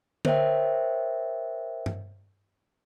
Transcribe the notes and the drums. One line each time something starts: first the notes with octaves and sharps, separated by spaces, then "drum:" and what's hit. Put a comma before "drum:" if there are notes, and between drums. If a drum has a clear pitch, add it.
A#4 C5 C#5 D#5 E5 G5, drum: tom D3
drum: tom G2